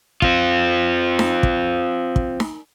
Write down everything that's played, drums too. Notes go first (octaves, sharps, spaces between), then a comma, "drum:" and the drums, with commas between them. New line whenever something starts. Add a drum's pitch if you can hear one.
C4 F4, drum: kick
drum: snare D#4
drum: kick
drum: kick
drum: snare D#4